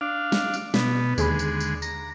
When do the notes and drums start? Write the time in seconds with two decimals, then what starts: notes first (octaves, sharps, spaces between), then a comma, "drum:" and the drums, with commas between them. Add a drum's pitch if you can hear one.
0.01 D4 F5
0.32 drum: snare
0.54 drum: tambourine
0.74 B2 B3, drum: snare
1.18 D#2 D3 G#3 G#4 B5, drum: tambourine
1.39 drum: tambourine
1.60 drum: tambourine
1.82 A#5, drum: tambourine